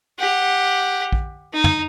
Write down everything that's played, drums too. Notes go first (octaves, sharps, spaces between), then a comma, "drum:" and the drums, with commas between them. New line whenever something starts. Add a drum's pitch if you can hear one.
G4 F#5
drum: kick A#1
D#4
drum: tom